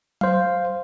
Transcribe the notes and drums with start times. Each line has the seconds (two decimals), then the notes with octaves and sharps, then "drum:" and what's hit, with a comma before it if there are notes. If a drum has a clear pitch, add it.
0.21 C5 F5, drum: tom F#3